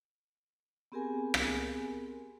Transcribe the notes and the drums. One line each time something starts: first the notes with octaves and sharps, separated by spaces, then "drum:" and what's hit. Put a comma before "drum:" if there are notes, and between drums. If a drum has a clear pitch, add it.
B3 C4 G4 G#4 A#4 G#5
drum: rim click